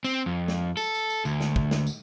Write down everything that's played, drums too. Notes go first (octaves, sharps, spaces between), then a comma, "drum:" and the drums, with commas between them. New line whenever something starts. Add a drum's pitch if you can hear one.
C4, drum: tambourine
F2
drum: snare
A4, drum: tambourine
drum: tambourine
drum: tambourine
D2, drum: tambourine
drum: snare
drum: kick
drum: snare
drum: tambourine